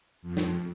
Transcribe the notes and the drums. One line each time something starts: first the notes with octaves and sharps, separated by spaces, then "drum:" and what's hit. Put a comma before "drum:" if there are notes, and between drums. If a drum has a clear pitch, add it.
F2
drum: snare